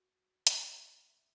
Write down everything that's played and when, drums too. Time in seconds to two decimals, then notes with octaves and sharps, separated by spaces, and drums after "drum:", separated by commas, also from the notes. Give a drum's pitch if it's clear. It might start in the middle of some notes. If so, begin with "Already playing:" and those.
Already playing: F#4
0.47 E5, drum: hi-hat
1.08 E5